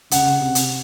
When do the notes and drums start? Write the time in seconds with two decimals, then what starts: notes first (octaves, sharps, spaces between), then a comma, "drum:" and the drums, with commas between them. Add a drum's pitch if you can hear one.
0.11 C#3 F#5, drum: hi-hat
0.41 C3
0.55 drum: hi-hat